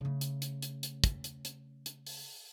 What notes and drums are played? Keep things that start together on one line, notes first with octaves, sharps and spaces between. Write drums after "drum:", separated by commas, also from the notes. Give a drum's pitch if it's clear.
C#3 A3
drum: hi-hat
drum: hi-hat
drum: hi-hat
drum: hi-hat
drum: kick, hi-hat
drum: hi-hat
drum: hi-hat
drum: hi-hat
drum: open hi-hat